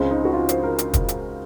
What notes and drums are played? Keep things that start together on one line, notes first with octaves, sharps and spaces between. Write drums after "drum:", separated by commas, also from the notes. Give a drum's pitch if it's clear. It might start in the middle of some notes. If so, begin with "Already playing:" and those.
Already playing: C#2 C#3 G#3 C4
D#4
F#4
F4
C5, drum: hi-hat
A#4
drum: hi-hat
drum: kick, hi-hat
drum: hi-hat